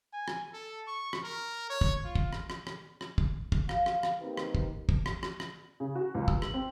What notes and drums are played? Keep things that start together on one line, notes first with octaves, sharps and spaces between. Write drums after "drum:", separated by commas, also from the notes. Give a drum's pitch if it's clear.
G#5
drum: rim click
A4
C#6
drum: rim click
A#4
C#5
drum: kick
F4
drum: kick
drum: rim click
drum: rim click
drum: rim click
drum: rim click
drum: kick
drum: kick
F5, drum: rim click
drum: rim click
drum: rim click
A#3 C4 D#4 G4 A#4 B4
drum: rim click
drum: kick
drum: kick
drum: rim click
drum: rim click
drum: rim click
C#3
F#4
C#2
E6, drum: kick
F#7, drum: rim click
C4